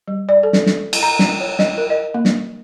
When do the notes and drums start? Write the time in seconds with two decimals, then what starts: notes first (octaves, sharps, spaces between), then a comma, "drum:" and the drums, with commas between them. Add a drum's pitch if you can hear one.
0.08 G3
0.29 D5
0.43 A4
0.53 drum: snare
0.66 drum: snare
0.93 drum: cymbal
1.03 A#5
1.19 drum: snare
1.41 C#5
1.59 D#5, drum: snare
1.78 A#4
1.90 D#5
2.14 A#3
2.25 drum: snare